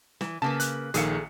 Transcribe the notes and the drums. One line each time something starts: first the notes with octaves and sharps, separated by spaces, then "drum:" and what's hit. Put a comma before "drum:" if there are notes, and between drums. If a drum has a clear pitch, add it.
E3, drum: snare
C#3 A#3 B4 A5
F#6, drum: hi-hat
A#1 D#3 G#4 A4 F5 C#7, drum: hi-hat